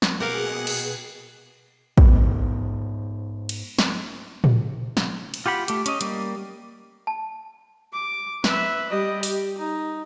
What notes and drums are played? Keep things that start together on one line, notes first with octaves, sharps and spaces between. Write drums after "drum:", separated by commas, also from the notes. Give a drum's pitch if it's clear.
drum: snare
B2 A#3 B3 G4 G#4 A#4 F5 F#5
drum: cymbal
G#2 B3, drum: kick A1
drum: cymbal
drum: snare
drum: tom A2
drum: snare
drum: cymbal
F4 G4 F#5 B5
A3 G4, drum: hi-hat
C#4 D#5, drum: hi-hat
G3 A#3, drum: hi-hat
A5
D6
B4 E5, drum: snare
G3 D#5
G4, drum: open hi-hat
D#4